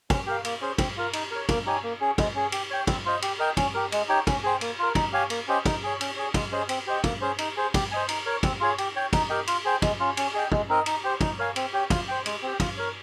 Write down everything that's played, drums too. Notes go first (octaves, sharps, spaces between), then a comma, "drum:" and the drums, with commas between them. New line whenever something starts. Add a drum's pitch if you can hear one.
C#4, drum: kick, cymbal
G4 A#4 F5
A#3, drum: cymbal
C#4 G#4 C5
C4, drum: kick, cymbal
F4 A#4
D#4, drum: cymbal
A#4 C#5
A#3, drum: kick, cymbal
D#4 G4 C#5 G#5
A#3
C#4 G#4
G#3, drum: kick, cymbal
C#4 G#4
G4, drum: cymbal
C#5 G5
C4, drum: kick, cymbal
F4 C5 D#5
G4, drum: cymbal
A#4 D#5 G5
C#4, drum: kick, cymbal
G4 A#4
G#3, drum: cymbal
D#4 G4 C#5 G5
C#4, drum: kick, cymbal
G#4 C5 G5
A#3, drum: cymbal
F4 A#4
D#4, drum: kick, cymbal
G4 C#5 F5 G#5
A#3, drum: cymbal
C#4 G4 C5 D#5
D#4, drum: kick, cymbal
G#4 C#5
C#4, drum: cymbal
G#4 C#5
G#3, drum: kick, cymbal
C#4 G#4 C5 D#5
C4, drum: cymbal
G4 C5 D#5 G5
A#3, drum: kick, cymbal
C#4 G#4 C5
D#4, drum: cymbal
G#4 C5
G4, drum: kick, cymbal
C5 D#5 G#5
D#4, drum: cymbal
A#4 C#5
C4, drum: kick, cymbal
F4 G#4 C#5
G4, drum: cymbal
C#5 G5
D#4, drum: kick, cymbal
G4 A#4 D#5 G5
F4, drum: cymbal
G#4 C5 G5
G#3, drum: kick, cymbal
C#4 F4
C#4, drum: cymbal
G#4 D#5 G5
G#3, drum: kick
C4 D#4 A#4 D#5
D#4, drum: cymbal
G4 C5
D#4, drum: kick, cymbal
A#4 C#5 F5 G#5
C4, drum: cymbal
G4 C#5 G5
F4, drum: kick, cymbal
C5 G5
G#3, drum: cymbal
C4 G4
F4, drum: kick, cymbal
A#4 C#5